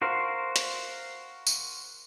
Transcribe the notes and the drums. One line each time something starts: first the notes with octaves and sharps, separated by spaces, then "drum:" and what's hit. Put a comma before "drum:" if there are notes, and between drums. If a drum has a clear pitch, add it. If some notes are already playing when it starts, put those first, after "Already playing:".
F#4 A#4 C5 F5
drum: hi-hat
drum: tambourine